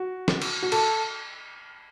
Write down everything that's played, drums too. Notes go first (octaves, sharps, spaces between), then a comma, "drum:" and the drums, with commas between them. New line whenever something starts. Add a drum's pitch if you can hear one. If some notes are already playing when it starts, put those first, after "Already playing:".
Already playing: F#4
drum: snare
drum: cymbal
F#4
A4, drum: cymbal